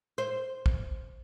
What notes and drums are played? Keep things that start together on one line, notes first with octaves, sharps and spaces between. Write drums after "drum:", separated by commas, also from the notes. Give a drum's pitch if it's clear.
C5
drum: kick